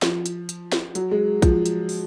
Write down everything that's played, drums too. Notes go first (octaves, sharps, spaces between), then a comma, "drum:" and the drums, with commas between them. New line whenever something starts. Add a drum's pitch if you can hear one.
F3, drum: snare
drum: hi-hat
drum: hi-hat
drum: snare
F#3, drum: hi-hat
G#3
F3, drum: kick A#1, hi-hat
drum: hi-hat
drum: open hi-hat